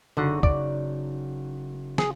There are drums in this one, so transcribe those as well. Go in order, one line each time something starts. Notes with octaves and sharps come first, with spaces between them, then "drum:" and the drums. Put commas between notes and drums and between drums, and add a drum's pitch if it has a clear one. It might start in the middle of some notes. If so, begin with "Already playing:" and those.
F#1 D3 D#4 F#4
D5, drum: kick
G#4, drum: snare